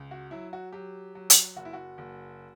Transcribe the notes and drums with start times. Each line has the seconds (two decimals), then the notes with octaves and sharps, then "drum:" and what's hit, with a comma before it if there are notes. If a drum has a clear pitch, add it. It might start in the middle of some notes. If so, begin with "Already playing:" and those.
Already playing: C#2
0.11 F#4
0.31 F#3 E4
0.53 F#4
0.72 F#3 G4
1.15 F#3
1.30 drum: hi-hat
1.56 F#1 F#4
1.65 E4
1.73 F#4
1.98 F#1